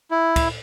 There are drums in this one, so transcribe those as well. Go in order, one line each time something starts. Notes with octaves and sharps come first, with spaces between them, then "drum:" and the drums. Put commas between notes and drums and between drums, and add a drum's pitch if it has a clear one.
E4
drum: kick, cymbal